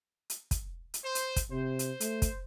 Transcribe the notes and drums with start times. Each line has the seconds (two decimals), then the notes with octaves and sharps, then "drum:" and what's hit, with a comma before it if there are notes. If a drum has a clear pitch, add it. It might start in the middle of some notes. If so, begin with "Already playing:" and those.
0.30 drum: hi-hat
0.51 drum: kick, hi-hat
0.94 drum: hi-hat
1.04 C5
1.15 drum: hi-hat
1.36 drum: kick, hi-hat
1.51 C3 C5
1.79 drum: hi-hat
2.00 A3, drum: hi-hat
2.22 drum: kick, hi-hat